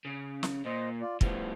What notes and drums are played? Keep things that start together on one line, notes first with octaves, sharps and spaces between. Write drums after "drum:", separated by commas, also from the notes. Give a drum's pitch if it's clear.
C#3
drum: snare
A#2 C5 D#5
F4 D5
A2 F3 G3 B3, drum: kick